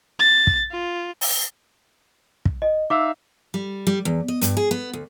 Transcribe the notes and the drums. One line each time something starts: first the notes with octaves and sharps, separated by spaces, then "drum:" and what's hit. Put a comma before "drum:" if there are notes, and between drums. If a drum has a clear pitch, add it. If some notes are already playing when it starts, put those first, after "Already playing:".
A6
drum: kick
F4
drum: open hi-hat
drum: kick
D#5
D#4 E5 F5 D6 E6
G3
G3
E2
D#5
G2, drum: hi-hat
G#4
B3
D2